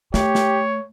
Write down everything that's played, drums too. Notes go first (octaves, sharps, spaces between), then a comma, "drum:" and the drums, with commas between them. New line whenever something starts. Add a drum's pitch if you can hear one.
A3 G4 C#5, drum: snare
drum: snare